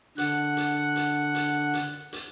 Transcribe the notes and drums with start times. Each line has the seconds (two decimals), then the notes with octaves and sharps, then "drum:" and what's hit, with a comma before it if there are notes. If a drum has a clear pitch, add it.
0.18 D3 F#5, drum: hi-hat
0.57 drum: hi-hat
0.96 drum: hi-hat
1.35 drum: hi-hat
1.74 drum: hi-hat
2.13 drum: hi-hat